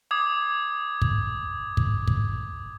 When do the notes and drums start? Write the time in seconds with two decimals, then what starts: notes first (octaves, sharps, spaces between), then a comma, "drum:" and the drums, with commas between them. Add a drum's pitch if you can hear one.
0.11 D6 D#6 G#6
1.02 drum: kick
1.77 drum: kick
2.08 drum: kick